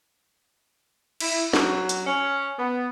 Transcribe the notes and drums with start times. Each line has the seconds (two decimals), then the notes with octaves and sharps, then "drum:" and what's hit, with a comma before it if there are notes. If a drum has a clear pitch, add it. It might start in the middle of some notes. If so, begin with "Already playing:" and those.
1.20 E4, drum: cymbal
1.53 F#3, drum: snare
1.89 drum: hi-hat
2.06 C#4
2.57 B3